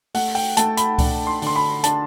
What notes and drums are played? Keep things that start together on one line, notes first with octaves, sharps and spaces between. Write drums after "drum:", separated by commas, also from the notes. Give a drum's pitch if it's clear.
A3 F#5, drum: open hi-hat
G5, drum: open hi-hat
A3 A5, drum: hi-hat
B5, drum: hi-hat
D4, drum: kick C#2, open hi-hat
C6
D3 C6, drum: open hi-hat
B5
D4 A5, drum: hi-hat